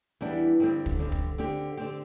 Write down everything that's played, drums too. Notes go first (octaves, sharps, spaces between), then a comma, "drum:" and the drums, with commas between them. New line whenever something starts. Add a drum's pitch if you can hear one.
E2 E3 G3 D4
G2 D3 C4
drum: kick
G2 D3 C4
drum: kick
D3 C4 G4
D3 C4 G4